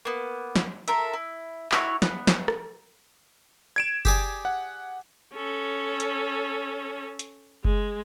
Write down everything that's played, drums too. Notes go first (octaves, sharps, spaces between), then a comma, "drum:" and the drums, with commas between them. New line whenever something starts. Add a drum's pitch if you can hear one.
A#3 B3
drum: snare
F4 A4 A#4 E5, drum: hi-hat
E4
E4 F#4 C#5, drum: clap
B3, drum: snare
drum: snare
drum: rim click
G#6 D7 E7
G4 G#4 D5, drum: kick F#1
F#5
C#4 A4
drum: hi-hat
drum: hi-hat
G#3, drum: kick F#1